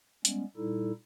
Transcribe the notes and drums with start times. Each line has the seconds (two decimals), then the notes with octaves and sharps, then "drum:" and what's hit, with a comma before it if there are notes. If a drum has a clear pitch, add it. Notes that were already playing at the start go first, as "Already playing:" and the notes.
0.25 G3 G#3 B3 C#4, drum: hi-hat
0.57 A#2 G3 D#4 E4 A4